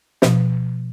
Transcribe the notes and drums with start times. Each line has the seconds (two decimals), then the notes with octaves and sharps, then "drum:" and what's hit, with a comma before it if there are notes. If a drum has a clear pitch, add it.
0.22 B2 F3, drum: snare